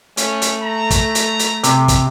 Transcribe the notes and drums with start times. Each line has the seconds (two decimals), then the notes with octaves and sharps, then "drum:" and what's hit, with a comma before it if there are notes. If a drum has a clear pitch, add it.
0.17 A3 C#4, drum: hi-hat
0.42 drum: hi-hat
0.62 A#5
0.90 drum: kick, hi-hat
1.15 drum: hi-hat
1.39 drum: hi-hat
1.64 C3, drum: hi-hat
1.88 drum: kick, hi-hat